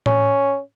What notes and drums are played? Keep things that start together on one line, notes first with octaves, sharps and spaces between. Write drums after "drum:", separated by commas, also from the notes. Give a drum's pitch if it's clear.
C#4, drum: tom A2